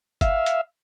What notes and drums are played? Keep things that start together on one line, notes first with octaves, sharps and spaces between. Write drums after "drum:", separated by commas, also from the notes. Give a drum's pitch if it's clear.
E5 F5, drum: kick, hi-hat
drum: hi-hat